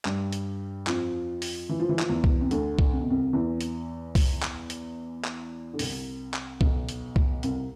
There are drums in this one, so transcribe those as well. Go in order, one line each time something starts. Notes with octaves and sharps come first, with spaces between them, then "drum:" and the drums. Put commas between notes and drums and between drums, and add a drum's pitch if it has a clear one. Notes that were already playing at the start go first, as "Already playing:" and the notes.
G2 G3, drum: clap
drum: hi-hat
F2 F3, drum: clap
drum: open hi-hat
E3
F3
E3
F3, drum: clap
E2 E3
drum: kick C2
C3
D2 D3, drum: hi-hat
drum: kick C2
C3
B2
C2 C3
E2 E3
drum: hi-hat
drum: kick C2, open hi-hat
drum: clap
drum: hi-hat
drum: clap
D3
C2 C3, drum: open hi-hat
drum: clap
B1 B2, drum: kick C2
drum: hi-hat
drum: kick C2
C2 C3, drum: hi-hat